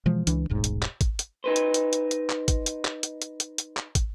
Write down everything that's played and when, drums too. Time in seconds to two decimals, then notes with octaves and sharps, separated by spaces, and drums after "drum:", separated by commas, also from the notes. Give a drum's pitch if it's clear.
0.06 B2 E3 F3 G#3
0.27 C#2 E3 D4, drum: hi-hat
0.50 D#1 B1 G#2
0.64 drum: hi-hat
0.82 drum: clap
1.01 drum: kick, hi-hat
1.19 drum: hi-hat
1.44 D#4 B4 C5
1.56 drum: hi-hat
1.74 drum: hi-hat
1.93 drum: hi-hat
2.11 drum: hi-hat
2.30 drum: clap
2.48 drum: kick, hi-hat
2.66 drum: hi-hat
2.85 drum: clap
3.03 drum: hi-hat
3.22 drum: hi-hat
3.40 drum: hi-hat
3.58 drum: hi-hat
3.77 drum: clap
3.95 drum: kick, hi-hat